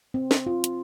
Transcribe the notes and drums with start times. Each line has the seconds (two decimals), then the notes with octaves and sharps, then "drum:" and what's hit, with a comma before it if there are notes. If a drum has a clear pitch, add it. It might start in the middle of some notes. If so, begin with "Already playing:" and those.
0.14 C4
0.31 drum: snare
0.47 F4
0.64 drum: hi-hat